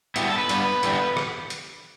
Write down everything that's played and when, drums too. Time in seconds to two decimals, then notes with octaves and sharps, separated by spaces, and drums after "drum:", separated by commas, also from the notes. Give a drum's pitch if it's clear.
0.16 B2 G3 B3 E4, drum: hi-hat
0.27 A4
0.38 B4
0.49 G2 G3 B3, drum: hi-hat
0.83 E2 D3 G3 B3, drum: hi-hat
1.17 drum: rim click
1.50 drum: hi-hat